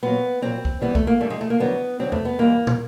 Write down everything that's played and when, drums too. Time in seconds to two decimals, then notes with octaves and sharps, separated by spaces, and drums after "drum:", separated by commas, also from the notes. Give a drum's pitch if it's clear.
0.03 A#2 F#3 B3
0.42 A#2 F#3 C4
0.65 drum: kick
0.81 G2 E3 G3 B3
0.95 A3, drum: kick
1.07 A#3
1.21 G2 E3 G3 A3
1.30 G#3
1.41 A3
1.50 A#3
1.60 F2 D3 F#3 B3
2.00 F2 D3 F#3 C4
2.12 A3, drum: tom E2
2.25 B3
2.39 G#2 E3 G3 A#3
2.67 drum: tom